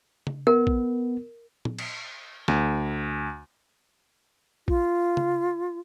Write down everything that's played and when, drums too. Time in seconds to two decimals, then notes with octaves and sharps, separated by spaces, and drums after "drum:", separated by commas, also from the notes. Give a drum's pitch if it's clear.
0.27 drum: tom C#3
0.47 B3 A#4
0.67 drum: kick
1.65 drum: tom
1.79 drum: cymbal
2.48 D2, drum: snare
4.68 F4, drum: kick
5.17 drum: tom C#3